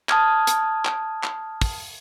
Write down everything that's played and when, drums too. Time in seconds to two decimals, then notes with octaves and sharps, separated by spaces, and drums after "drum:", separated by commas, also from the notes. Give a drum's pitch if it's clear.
0.09 A5 D#6 F6 G#6, drum: clap
0.47 drum: hi-hat
0.85 drum: clap
1.23 drum: clap
1.61 drum: kick, open hi-hat